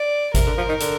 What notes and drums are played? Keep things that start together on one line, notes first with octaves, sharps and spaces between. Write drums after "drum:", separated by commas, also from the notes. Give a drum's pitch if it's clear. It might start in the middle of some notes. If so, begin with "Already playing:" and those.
Already playing: D5
C3 A#4, drum: kick G#1, hi-hat
D3
F3
D#3
D3, drum: hi-hat